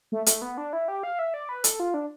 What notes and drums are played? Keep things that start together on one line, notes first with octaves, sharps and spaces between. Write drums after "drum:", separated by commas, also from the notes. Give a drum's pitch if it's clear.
A3
A3, drum: hi-hat
B3
D4
E4
G4
F5
E5
D5
B4
A4, drum: hi-hat
F4
D4